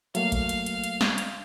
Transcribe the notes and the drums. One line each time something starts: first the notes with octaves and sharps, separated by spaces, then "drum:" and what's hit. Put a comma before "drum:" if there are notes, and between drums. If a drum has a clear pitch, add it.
F#3 A3 A#3 F5, drum: hi-hat
drum: kick A1, hi-hat
drum: hi-hat
drum: hi-hat
drum: hi-hat
drum: snare
drum: hi-hat